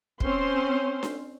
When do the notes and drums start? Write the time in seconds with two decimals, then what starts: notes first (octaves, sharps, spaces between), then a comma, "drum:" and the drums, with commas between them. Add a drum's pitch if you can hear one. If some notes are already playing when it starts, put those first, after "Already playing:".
0.20 C4 C#4 C5 C6, drum: kick
1.03 drum: snare D4